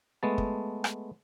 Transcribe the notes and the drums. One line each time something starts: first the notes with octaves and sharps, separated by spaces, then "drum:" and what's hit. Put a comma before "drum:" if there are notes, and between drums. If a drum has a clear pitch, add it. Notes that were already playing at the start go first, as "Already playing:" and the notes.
G#3 A3 B3 A5
drum: kick
drum: rim click